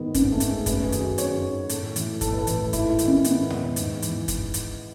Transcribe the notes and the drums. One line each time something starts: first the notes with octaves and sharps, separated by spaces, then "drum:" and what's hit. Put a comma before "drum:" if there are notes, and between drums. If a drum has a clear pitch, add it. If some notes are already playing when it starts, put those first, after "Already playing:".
Already playing: G#2 D#3 B3
G#2 C#4, drum: kick, hi-hat
A3
D#3, drum: hi-hat
G#4
F#2 B4, drum: kick, hi-hat
G#4
D#3, drum: hi-hat
F#4
F#2 C#5, drum: hi-hat
D#3
A2 A4, drum: hi-hat
E3, drum: hi-hat
A2 A4, drum: kick, hi-hat
B4
A4
E3, drum: hi-hat
G#2 E4, drum: kick, hi-hat
E4
D#3, drum: hi-hat
C#4
G#2 B3, drum: hi-hat
D#3, drum: tom
G#2, drum: hi-hat
E3, drum: hi-hat
drum: kick, hi-hat
drum: hi-hat